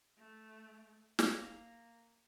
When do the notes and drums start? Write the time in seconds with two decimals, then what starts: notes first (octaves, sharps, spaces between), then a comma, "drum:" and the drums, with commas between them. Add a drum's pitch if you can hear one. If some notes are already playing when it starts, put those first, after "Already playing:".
0.18 A3
1.19 A#3, drum: snare